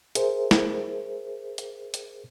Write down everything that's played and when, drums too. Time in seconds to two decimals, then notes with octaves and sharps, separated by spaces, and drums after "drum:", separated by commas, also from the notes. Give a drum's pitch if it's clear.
0.15 G#4 A#4 C5 E5, drum: hi-hat
0.51 drum: snare
1.58 drum: hi-hat
1.94 drum: hi-hat